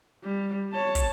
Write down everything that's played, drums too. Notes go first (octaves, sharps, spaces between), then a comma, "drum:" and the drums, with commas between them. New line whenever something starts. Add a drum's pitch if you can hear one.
G3
C#5 A5
drum: kick, hi-hat